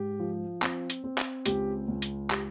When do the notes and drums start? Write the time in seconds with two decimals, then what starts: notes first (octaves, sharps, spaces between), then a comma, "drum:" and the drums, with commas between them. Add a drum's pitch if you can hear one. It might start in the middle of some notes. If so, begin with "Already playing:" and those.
Already playing: G#2 G4
0.20 F3
0.62 C4, drum: clap
0.90 drum: hi-hat
1.04 C4
1.18 drum: clap
1.46 C#2 G4, drum: hi-hat
1.88 C#2
2.02 drum: hi-hat
2.30 G4, drum: clap